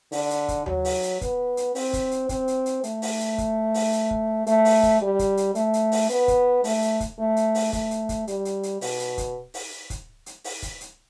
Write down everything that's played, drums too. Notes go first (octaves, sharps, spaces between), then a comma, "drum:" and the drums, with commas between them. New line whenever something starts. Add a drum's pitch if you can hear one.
D3, drum: open hi-hat
drum: hi-hat
drum: kick, hi-hat
F#3, drum: tom D#2
drum: open hi-hat
drum: hi-hat
B3, drum: kick, hi-hat
drum: hi-hat
C4, drum: open hi-hat
drum: kick, hi-hat
drum: hi-hat
C4, drum: kick, hi-hat
drum: hi-hat
drum: hi-hat
A3, drum: hi-hat
drum: open hi-hat
drum: hi-hat
drum: kick, hi-hat
drum: open hi-hat
drum: hi-hat
drum: kick
A3, drum: hi-hat
drum: open hi-hat
drum: kick, hi-hat
G3
drum: kick, hi-hat
drum: hi-hat
A3, drum: hi-hat
drum: hi-hat
drum: open hi-hat
B3, drum: hi-hat
drum: kick, hi-hat
A3, drum: open hi-hat
drum: hi-hat
drum: kick, hi-hat
A3
drum: hi-hat
drum: open hi-hat
A3, drum: kick, hi-hat
drum: hi-hat
drum: kick, hi-hat
G3, drum: hi-hat
drum: hi-hat
drum: hi-hat
B2, drum: open hi-hat
drum: hi-hat
drum: kick, hi-hat
drum: open hi-hat
drum: kick, hi-hat
drum: hi-hat
drum: open hi-hat
drum: kick, hi-hat
drum: hi-hat